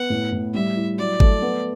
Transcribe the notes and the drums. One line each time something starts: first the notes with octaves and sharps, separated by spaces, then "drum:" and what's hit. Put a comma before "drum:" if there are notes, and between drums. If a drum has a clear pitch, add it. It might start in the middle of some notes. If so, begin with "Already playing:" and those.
Already playing: B3 F#5
A2
A2
G3 E5
E4
F#3 D5
A3, drum: kick G1
B3